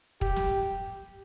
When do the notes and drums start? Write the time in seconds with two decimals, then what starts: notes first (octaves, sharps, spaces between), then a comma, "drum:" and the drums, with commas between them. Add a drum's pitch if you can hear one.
0.21 G4, drum: kick
0.36 drum: snare